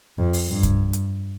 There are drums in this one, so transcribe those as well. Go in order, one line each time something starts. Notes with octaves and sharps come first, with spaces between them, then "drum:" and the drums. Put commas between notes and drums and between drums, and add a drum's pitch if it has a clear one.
F2
drum: open hi-hat
G2
drum: kick C2, hi-hat
drum: hi-hat